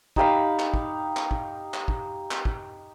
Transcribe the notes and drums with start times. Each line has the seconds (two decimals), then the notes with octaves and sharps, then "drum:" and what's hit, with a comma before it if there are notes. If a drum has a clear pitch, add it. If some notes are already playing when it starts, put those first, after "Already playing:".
0.16 D#4 G4 F5 B5, drum: kick
0.59 drum: clap
0.74 drum: kick
1.17 drum: clap
1.31 drum: kick
1.74 drum: clap
1.88 drum: kick
2.31 drum: clap
2.45 drum: kick